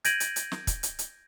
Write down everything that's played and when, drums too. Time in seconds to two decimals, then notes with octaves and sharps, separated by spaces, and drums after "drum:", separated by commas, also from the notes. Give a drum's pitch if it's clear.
0.05 G6 G#6 A#6 D7 D#7 F#7, drum: hi-hat
0.20 drum: hi-hat
0.36 drum: hi-hat
0.52 drum: snare
0.67 drum: kick, hi-hat
0.83 drum: hi-hat
0.99 drum: hi-hat